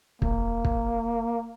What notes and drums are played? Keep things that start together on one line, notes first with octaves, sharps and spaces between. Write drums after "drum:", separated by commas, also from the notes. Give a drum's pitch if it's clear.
E1 A#3, drum: kick
drum: kick